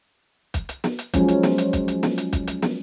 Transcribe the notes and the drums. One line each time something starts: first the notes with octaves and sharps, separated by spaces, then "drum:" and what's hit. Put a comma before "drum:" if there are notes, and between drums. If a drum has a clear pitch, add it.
drum: kick, hi-hat
drum: hi-hat
drum: snare
drum: hi-hat
F3 F#3 G#3 C#4, drum: kick, hi-hat
drum: hi-hat
drum: snare
drum: hi-hat
drum: kick, hi-hat
drum: hi-hat
drum: snare
drum: hi-hat
drum: kick, hi-hat
drum: hi-hat
drum: snare